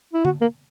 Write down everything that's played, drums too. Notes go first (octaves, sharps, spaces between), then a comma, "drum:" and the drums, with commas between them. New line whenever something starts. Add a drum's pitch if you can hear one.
E4
F#4, drum: tom D3
A#3